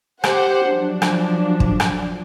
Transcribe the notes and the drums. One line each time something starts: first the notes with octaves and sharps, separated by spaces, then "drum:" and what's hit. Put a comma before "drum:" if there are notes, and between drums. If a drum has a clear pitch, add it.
G4 C5 F#5, drum: rim click
F3 F#3 D4
drum: rim click
drum: kick
drum: rim click